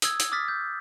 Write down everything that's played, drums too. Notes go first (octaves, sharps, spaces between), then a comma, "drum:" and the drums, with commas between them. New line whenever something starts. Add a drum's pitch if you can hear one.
D#6 E6 G#6, drum: hi-hat
drum: hi-hat
D6 D#6 F6 A6 B6
G6